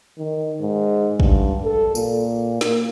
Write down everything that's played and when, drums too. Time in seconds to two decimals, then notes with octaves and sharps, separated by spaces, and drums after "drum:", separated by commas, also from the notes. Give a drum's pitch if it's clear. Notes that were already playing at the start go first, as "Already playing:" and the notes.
0.18 D#3
0.61 G#2
1.20 G2, drum: kick
1.65 A4
1.95 A#2, drum: tambourine
2.61 A#3, drum: snare